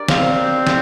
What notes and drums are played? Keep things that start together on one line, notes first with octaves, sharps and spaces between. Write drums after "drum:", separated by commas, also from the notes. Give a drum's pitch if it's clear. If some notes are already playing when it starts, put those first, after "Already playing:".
Already playing: D4 G4 A#4 D5
C4 F5, drum: snare
drum: snare